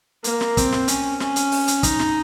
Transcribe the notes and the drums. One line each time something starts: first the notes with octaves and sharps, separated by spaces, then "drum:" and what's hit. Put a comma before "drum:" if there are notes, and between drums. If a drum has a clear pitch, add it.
A#3, drum: hi-hat
drum: snare
C4, drum: kick, hi-hat
drum: snare
C#4, drum: hi-hat
C#4, drum: snare
drum: hi-hat
drum: open hi-hat
drum: hi-hat
D#4, drum: kick, hi-hat
drum: snare